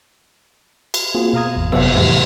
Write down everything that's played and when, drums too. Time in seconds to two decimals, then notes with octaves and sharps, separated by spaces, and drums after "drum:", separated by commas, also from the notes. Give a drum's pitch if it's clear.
0.94 drum: cymbal
1.15 A#3 C4 F4 F#4 G#4
1.33 B2 F5 A#5 D#6 G#6
1.56 G#1 E2
1.72 G1 F2 C3 F#3 B3 E6, drum: cymbal
1.94 F2 A2 C3 E3 F3 G3